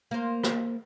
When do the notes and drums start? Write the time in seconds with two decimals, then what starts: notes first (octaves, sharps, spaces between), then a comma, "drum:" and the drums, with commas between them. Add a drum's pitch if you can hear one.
0.11 A#3 C5
0.43 drum: rim click